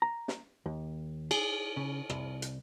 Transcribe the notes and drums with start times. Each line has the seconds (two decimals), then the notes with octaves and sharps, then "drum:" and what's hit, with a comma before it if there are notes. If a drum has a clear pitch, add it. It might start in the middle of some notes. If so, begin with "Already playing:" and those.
0.02 A#5
0.28 drum: snare
0.66 D#2
1.31 G#4, drum: cymbal
1.77 C#3
2.10 C2, drum: rim click
2.42 drum: hi-hat